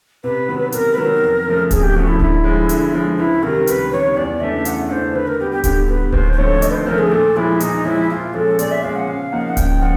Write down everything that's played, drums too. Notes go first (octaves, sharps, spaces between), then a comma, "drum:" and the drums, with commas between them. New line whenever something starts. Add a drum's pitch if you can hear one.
C3 B4
D#3 F#3 B3
C3 A#4, drum: hi-hat
B4
D#3 F#3 B3 A#4
F2
C#3 F3 A3
F2 G#4, drum: kick D1, hi-hat
G4
C#3 F3 A3 F#4
E4
D3 E4, drum: kick D1
F3 G#3
D3, drum: hi-hat
F3 G#3
C#2 E4
C3 D#3 G3 A#4
C#2 B4, drum: hi-hat
C3 D#3 G3 C#5
E2 D5
C#3 E3 A3 D4 E5
E2 F#5, drum: hi-hat
C#3 E3 A3 D4 C5
D3 B4
A#4
G3 B3 G4
G4
D3 G4, drum: kick D1, hi-hat
G3 B3 B4
D#2 C5, drum: kick D1
C5
D3 F3 A3 C4 C#5
D#2 D#5, drum: hi-hat
B4
C5
D3 F3 A3 C4 A#4
G#4
A#2 A4
F3 G#3 E4
A#2 D#4, drum: hi-hat
F3 G#3 E4
A#2 F4
F3 G#3 C#4 A4
A#2 D5, drum: hi-hat
E5
F3 G#3 C#4 F5
F#5
C#3 F5
F3 A#3 D#4 F#5
F5
F#5
C#3 G5, drum: kick D1, hi-hat
F3 F#5